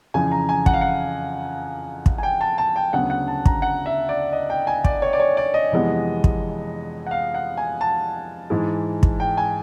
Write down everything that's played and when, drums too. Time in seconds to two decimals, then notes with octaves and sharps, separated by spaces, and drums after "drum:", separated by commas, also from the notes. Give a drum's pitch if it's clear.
0.14 F2 C#3 E3 G#5
0.32 A#5
0.49 G#5
0.66 F#5, drum: kick
0.74 F5
0.81 F#5
2.06 drum: kick
2.18 G#5
2.23 G5
2.41 A5
2.58 A5
2.76 G5
2.93 D2 C#3 F#3 B3 F#5
3.10 F#5
3.28 A5
3.45 A#5, drum: kick
3.62 F#5
3.86 E5
4.09 D5
4.33 D#5
4.50 G5
4.67 G#5
4.84 D5, drum: kick
5.02 C#5
5.13 D5
5.19 C#5
5.37 D5
5.54 D#5
5.72 F2 C3 E3 G#3 B3
6.24 drum: kick
7.07 F#5
7.11 F5
7.34 F#5
7.57 G#5
7.81 A5
8.50 G#2 E3 G#3
9.03 drum: kick
9.20 G5
9.37 G#5